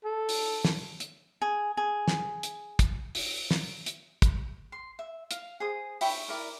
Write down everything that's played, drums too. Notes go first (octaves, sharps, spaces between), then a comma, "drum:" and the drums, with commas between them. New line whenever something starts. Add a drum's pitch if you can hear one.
A4
drum: open hi-hat
drum: snare
drum: hi-hat
G#4
G#4
drum: snare
drum: hi-hat
drum: kick, hi-hat
drum: open hi-hat
drum: snare
drum: hi-hat
drum: kick, hi-hat
C6
E5
F5, drum: hi-hat
G#4 C5 D#6
E5 G5 B5 C#6, drum: open hi-hat
E4 A#4 D5